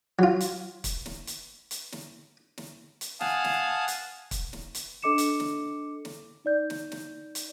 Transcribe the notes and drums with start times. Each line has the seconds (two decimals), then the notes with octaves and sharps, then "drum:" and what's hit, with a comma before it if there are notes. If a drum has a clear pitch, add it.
0.19 F#3 F4
0.40 drum: hi-hat
0.84 drum: kick, hi-hat
1.06 drum: snare
1.27 drum: hi-hat
1.71 drum: hi-hat
1.92 drum: snare
2.58 drum: snare
3.01 drum: hi-hat
3.20 F5 F#5 G#5 A5 D#6, drum: snare
3.44 drum: snare
3.88 drum: hi-hat
4.31 drum: kick, hi-hat
4.53 drum: snare
4.75 drum: hi-hat
5.03 D4 A4 D#5 D6 C#7 E7
5.18 drum: hi-hat
5.40 drum: snare
6.05 drum: snare
6.45 D#4 D5 G6
6.70 drum: snare
6.92 drum: snare
7.35 drum: hi-hat